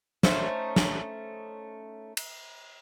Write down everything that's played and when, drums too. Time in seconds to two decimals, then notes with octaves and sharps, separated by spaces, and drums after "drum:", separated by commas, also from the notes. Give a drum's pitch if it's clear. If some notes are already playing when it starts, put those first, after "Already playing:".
0.23 A3 C#4 D#4 C5, drum: snare
0.76 drum: snare
2.17 drum: cymbal